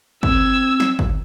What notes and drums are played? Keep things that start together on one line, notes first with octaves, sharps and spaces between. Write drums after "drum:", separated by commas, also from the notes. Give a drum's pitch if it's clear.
C4 E6 G#6, drum: kick
drum: snare
drum: kick